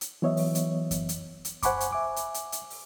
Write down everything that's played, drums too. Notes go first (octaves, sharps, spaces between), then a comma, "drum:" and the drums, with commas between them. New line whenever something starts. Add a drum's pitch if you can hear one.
drum: hi-hat
E3 F#3 B3 C#5 D#5 E5
drum: open hi-hat
drum: hi-hat
drum: kick F#2, hi-hat
drum: hi-hat
drum: hi-hat
C5 F#5 G#5 B5 C#6 D6, drum: kick F#2, hi-hat
drum: hi-hat
E5 G#5 D6
drum: hi-hat
drum: hi-hat
drum: hi-hat
drum: open hi-hat